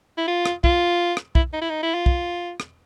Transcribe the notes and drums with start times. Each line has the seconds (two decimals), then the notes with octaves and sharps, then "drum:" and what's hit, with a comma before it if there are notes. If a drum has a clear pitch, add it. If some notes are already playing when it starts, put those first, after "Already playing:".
0.18 E4
0.28 F4
0.46 drum: rim click
0.64 F4, drum: kick
1.17 drum: rim click
1.35 E4, drum: kick
1.53 D#4
1.61 E4
1.70 D#4
1.83 E4
1.94 F4
2.06 drum: kick
2.60 drum: rim click